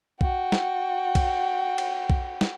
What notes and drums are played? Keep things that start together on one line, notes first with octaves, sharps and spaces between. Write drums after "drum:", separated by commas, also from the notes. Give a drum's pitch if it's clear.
F#4 G5, drum: kick
drum: snare
drum: kick, cymbal
drum: cymbal
drum: kick
drum: snare